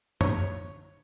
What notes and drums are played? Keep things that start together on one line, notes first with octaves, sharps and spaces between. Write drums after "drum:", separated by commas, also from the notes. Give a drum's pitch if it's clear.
C#5, drum: tom